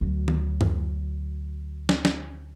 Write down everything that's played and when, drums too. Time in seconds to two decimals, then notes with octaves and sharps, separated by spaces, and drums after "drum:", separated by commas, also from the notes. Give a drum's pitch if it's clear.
0.01 D2 F#3
0.28 drum: tom D#3
0.61 drum: tom F#2
1.89 drum: snare
2.05 drum: snare